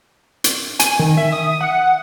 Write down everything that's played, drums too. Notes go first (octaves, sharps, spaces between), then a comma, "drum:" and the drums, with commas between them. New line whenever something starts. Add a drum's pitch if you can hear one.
drum: hi-hat
G#5, drum: hi-hat
D#3
E5
D#6
F#5